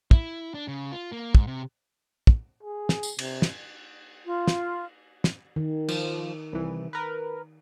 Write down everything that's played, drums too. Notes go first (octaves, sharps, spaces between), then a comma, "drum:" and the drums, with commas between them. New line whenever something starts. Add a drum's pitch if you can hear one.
E4, drum: kick
D4
C#3
F4
A#3
G#2, drum: kick
C3
drum: kick
G#4
drum: snare
drum: tambourine
C3, drum: cymbal
drum: snare
F4
drum: snare
drum: snare
D#3
F3 E7, drum: cymbal
C2 E3
A#4 B4